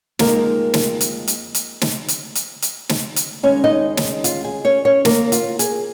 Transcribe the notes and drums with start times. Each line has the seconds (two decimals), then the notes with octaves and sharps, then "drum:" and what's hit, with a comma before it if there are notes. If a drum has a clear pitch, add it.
0.19 F2 F3 G#3 A#3 D#4 A#4, drum: snare
0.74 drum: snare
1.01 drum: hi-hat
1.28 drum: hi-hat
1.55 drum: hi-hat
1.81 drum: snare
2.08 drum: hi-hat
2.35 drum: hi-hat
2.62 drum: hi-hat
2.89 drum: snare
3.16 drum: hi-hat
3.43 D#2 C#3 G#3 C#4 C#5
3.64 D#4 D#5
3.97 drum: snare
4.24 F4, drum: hi-hat
4.45 G#4
4.65 C#4 C#5
4.85 C#4 C#5
5.05 A#3 A#4, drum: snare
5.32 F4, drum: hi-hat
5.59 G#4, drum: hi-hat